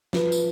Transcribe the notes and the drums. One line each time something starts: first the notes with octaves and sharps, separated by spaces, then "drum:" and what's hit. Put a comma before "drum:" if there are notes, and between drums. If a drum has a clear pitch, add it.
F3 B4, drum: snare
drum: tambourine